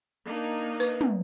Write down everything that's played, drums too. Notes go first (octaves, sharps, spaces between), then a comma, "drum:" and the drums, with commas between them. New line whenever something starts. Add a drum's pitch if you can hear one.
A#3 D4 D#4
B4, drum: tambourine
drum: tom